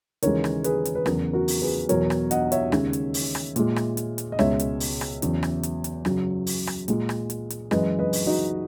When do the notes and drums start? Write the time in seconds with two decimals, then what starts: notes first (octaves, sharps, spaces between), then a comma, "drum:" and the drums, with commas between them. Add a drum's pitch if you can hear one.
0.23 D#2 C#3 E3 G#3 A#4 C#5, drum: hi-hat
0.44 drum: rim click
0.64 G#4 B4, drum: hi-hat
0.85 drum: hi-hat
0.95 B4
1.06 E2 C#3 F#3 F#4 A#4, drum: rim click
1.33 F#4 A#4
1.48 drum: open hi-hat
1.62 G#4 B4
1.89 E2 B2 F#3 A#4 C#5, drum: hi-hat
2.10 drum: rim click
2.31 D#5 F#5, drum: hi-hat
2.52 C#5 E5, drum: hi-hat
2.72 D#2 C#3 G#3, drum: rim click
2.93 drum: hi-hat
3.14 drum: open hi-hat
3.35 drum: rim click
3.56 A#2 G#3, drum: hi-hat
3.76 drum: rim click
3.97 drum: hi-hat
4.18 drum: hi-hat
4.32 D#5
4.39 C#2 B2 G#3 C#5 E5, drum: rim click
4.59 drum: hi-hat
4.80 drum: open hi-hat
5.01 drum: rim click
5.22 E2 C#3 F#3, drum: hi-hat
5.43 drum: rim click
5.63 drum: hi-hat
5.84 drum: hi-hat
6.05 F#2 C#3 F#3, drum: rim click
6.47 drum: open hi-hat
6.67 drum: rim click
6.88 A#2 G#3, drum: hi-hat
7.09 drum: rim click
7.30 drum: hi-hat
7.50 drum: hi-hat
7.71 F#2 E3 G#3 B4 D#5, drum: rim click
7.99 B4 D#5
8.13 drum: open hi-hat
8.26 D#4 F#4